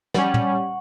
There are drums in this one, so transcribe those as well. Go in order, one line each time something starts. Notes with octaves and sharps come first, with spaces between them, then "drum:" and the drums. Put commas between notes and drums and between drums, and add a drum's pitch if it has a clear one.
G3 C#4 F#5 C#6, drum: snare
drum: tom